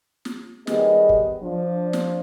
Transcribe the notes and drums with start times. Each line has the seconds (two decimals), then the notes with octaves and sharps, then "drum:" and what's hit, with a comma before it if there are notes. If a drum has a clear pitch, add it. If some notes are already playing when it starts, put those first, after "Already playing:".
0.25 drum: snare
0.67 D#3 G3 B3 G4 G#4 D#5, drum: snare
1.09 drum: kick
1.43 F3 D4
1.93 drum: snare